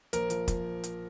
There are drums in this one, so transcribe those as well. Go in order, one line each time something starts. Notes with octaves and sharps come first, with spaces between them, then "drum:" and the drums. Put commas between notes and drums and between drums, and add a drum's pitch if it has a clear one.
A#1 A#4, drum: hi-hat
F3, drum: hi-hat
F3, drum: kick, hi-hat
drum: hi-hat